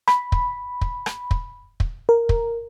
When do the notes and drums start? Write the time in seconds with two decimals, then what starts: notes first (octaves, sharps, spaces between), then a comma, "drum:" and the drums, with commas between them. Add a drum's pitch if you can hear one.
0.08 B5, drum: rim click
0.32 drum: kick
0.81 drum: kick
1.06 drum: rim click
1.31 drum: kick
1.80 drum: kick
2.09 A#4
2.29 drum: kick